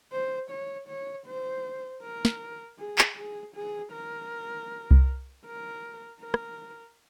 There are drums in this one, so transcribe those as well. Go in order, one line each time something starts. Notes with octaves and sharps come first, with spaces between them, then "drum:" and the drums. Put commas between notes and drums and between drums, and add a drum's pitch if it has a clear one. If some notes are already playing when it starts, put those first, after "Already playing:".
C5
C#5
C#5
C5
A#4
drum: snare
G#4
drum: clap
G#4
G#4
A#4
drum: kick C2
A#4
A#4
drum: rim click